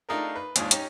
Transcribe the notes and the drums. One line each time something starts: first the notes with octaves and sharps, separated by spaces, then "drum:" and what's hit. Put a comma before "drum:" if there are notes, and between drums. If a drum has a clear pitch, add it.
A3 D4 D#4 F4 G#4 A#4
B4
D#2 G#2 D4 F4 G#5 D#6, drum: hi-hat
C#4 D#4 G4, drum: hi-hat